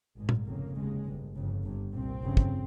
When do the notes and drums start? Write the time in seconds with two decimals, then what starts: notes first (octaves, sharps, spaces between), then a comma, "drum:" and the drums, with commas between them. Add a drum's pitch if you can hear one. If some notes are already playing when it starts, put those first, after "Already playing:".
0.16 G#1 G#2 G#3
0.29 drum: tom A#2
0.46 F1 F2 C#3 A#3
0.76 F1 D#2 C#3 G#3
1.06 G1 G2
1.35 G1 F2 C#3
1.64 G1 G2
1.93 C2 A#2 C4
2.24 G1 F2 C#3
2.37 drum: kick